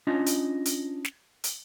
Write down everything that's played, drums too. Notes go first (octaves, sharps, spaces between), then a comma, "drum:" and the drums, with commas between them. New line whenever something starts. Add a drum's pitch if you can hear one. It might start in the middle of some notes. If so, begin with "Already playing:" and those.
C#4 D4 F4 D#5
drum: hi-hat
drum: hi-hat
drum: snare
drum: hi-hat